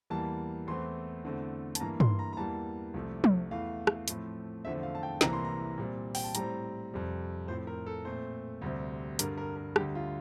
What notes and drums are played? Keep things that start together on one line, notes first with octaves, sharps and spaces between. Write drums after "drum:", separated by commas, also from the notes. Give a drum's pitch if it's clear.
E2 E3 G3 A#3 A5
E2 E3 A3 C4 C6
E2 D3 A3 C4
A5, drum: hi-hat
G2 E3 A#3 A#5
C6, drum: tom
A#5
A#5
E2 E3 G3 A#3 A5
C2 C3 F3 A3
drum: tom
E2 E3 A3 F5
drum: rim click
A2 F3 A3 C4, drum: hi-hat
E2 D3 F3 A3 C4 E5
F5
A5
G5
C2 C3 E3 A#3 A#5, drum: snare
C6
A#5
A#2 G3 C4
G5, drum: open hi-hat
A5
A2 G3 C4 A#5, drum: hi-hat
F2 C3 G3 C4
A2 F3 C4 C5
A#4
A4
A#2 A3 C4 C5
D2 C3 G3 C4
G2 D3 G3 A#4, drum: hi-hat
A#4
A#4
D2 D3 G3 G4, drum: rim click
F4